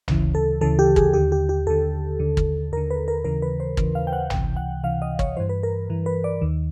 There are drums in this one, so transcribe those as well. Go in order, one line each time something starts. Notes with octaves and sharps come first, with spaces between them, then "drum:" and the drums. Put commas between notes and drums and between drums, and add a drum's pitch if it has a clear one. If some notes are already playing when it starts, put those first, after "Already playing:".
D2 C#3 E3, drum: tom
A4
D2 C#3 E3 A4
G4
G#4, drum: kick
D#2 D3 G4
G4
G4
D#2 D3 A4
D#2 D3
drum: kick
D#2 D3 A#4
B4
A#4
D#2 C#3 E3 A#4
B4
C5
D#2 C#3 E3, drum: kick
F5
G5
F#5
C#2 C3 E3 G5, drum: tom
F#5
C#2 C3 E3 F5
D#5
C#5, drum: kick
G2 E3 C5
B4
A#4
G2 E3
B4
D5
D#2 D#3